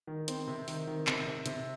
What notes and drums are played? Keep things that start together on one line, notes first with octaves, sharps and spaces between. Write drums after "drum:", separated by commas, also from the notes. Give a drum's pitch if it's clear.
D#3
C4, drum: hi-hat
C3
D#3, drum: open hi-hat
D#3
C3, drum: clap
C3
C3, drum: hi-hat